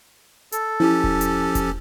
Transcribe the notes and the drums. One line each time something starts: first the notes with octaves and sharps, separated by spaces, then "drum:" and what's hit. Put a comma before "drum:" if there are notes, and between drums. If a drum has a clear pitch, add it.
A4, drum: hi-hat
F3 C#4 E4 G4
drum: kick E1
drum: hi-hat
drum: kick E1, hi-hat